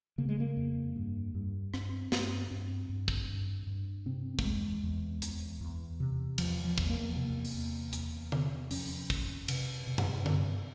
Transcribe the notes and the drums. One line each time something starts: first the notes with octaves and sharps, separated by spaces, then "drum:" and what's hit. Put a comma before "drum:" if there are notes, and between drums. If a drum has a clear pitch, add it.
C#3 A#3
G#3
A#3
F2
G2
G2
G2 C4, drum: rim click
G2, drum: snare
G2 C4
G2
drum: kick
G2
G2
C3 C4
A#3, drum: kick
E2 G#3
E2
E2, drum: hi-hat
E2
C3
E2 F3, drum: cymbal
F3
E2, drum: kick
G#3
A#3
C3 A#3
drum: open hi-hat
E2
E2, drum: hi-hat
C3, drum: tom D3
F2 C#4, drum: open hi-hat
F2, drum: kick
C3, drum: cymbal
C3
drum: tom F#2
G2, drum: tom D3